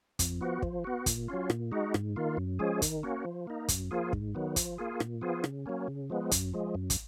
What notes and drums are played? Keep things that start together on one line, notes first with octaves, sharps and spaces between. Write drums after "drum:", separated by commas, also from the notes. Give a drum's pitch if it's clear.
F2, drum: kick, hi-hat
F3 B3 F#4
F3, drum: kick
B3 F#4
A#2, drum: kick, hi-hat
F#3 C#4 F4
A#2, drum: rim click
G#3 D#4 F#4
G#2, drum: rim click
D#3 A#3 F4
F#2
F3 G#3 C#4 G#4
D#3, drum: kick, hi-hat
A#3 C#4 F#4
F3
A#3 D#4
F#2, drum: kick, hi-hat
F3 A#3 F4 G#4
G#2, drum: kick
D#3 F#3 B3
F3, drum: kick, hi-hat
A#3 F4 G#4
A#2, drum: rim click
F3 B3 F4 G#4
C#3, drum: rim click
F#3 A#3 C#4
C#3
F3 G#3 B3
F#2, drum: kick, hi-hat
F3 G#3
F#2
drum: kick, hi-hat